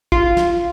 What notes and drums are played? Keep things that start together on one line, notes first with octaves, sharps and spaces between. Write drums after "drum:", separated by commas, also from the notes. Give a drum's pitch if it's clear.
F4, drum: kick
drum: snare